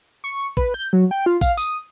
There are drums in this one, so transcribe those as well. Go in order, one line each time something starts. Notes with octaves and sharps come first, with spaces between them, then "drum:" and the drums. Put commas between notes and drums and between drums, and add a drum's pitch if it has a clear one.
C#6
B4, drum: kick
G6
F#3
G5
F4
F5, drum: kick, tambourine
D#6, drum: tambourine